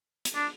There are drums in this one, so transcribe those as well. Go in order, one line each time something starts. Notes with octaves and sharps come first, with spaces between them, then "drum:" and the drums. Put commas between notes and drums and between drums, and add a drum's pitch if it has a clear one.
drum: hi-hat
D4